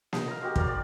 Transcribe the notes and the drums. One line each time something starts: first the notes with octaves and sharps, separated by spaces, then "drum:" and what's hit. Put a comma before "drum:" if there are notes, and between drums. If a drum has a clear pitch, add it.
D#4, drum: snare A#3
F5 A#5
G#3 F#4 G4
A#4 D5 F5, drum: kick
D5